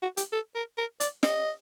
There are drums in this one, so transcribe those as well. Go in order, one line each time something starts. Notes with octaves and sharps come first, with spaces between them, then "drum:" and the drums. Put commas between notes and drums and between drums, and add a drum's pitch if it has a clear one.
F#4
G4, drum: hi-hat
A4
A#4
A#4
D5, drum: hi-hat
D#5, drum: snare